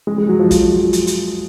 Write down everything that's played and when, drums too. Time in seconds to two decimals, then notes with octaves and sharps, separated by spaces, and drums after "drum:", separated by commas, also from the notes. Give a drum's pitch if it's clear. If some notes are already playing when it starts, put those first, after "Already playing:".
0.07 G#3
0.18 G#3
0.29 F#3
0.39 F3
0.51 F3, drum: kick, hi-hat
0.72 F#3
0.93 drum: hi-hat
1.07 drum: hi-hat